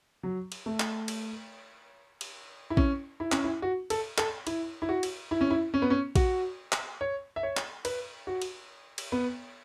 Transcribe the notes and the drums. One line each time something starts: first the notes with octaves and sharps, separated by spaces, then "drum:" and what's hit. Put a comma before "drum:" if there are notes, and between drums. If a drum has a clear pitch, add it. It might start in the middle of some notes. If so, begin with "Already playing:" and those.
F#3
drum: cymbal
A3
drum: clap
drum: cymbal
drum: cymbal
E4
C#4, drum: kick A#1
E4
C#4, drum: clap
E4
F#4
A4, drum: cymbal
A4, drum: clap
E4, drum: cymbal
E4
F#4
drum: cymbal
E4
C#4
E4
C#4
B3
C#4
F#4, drum: kick A#1, cymbal
drum: clap
C#5
E5
C#5
drum: clap
B4, drum: cymbal
F#4
drum: cymbal
drum: cymbal
B3